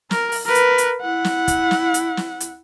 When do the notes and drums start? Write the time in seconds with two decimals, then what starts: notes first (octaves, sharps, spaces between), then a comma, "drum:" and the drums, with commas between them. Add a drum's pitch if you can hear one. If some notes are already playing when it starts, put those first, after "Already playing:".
0.11 A#4, drum: snare
0.32 drum: open hi-hat
0.45 A#4 B4
0.55 drum: hi-hat
0.78 drum: hi-hat
1.01 E4 F#5
1.24 drum: snare
1.48 drum: kick, hi-hat
1.71 drum: snare
1.94 drum: hi-hat
2.17 drum: snare
2.40 drum: hi-hat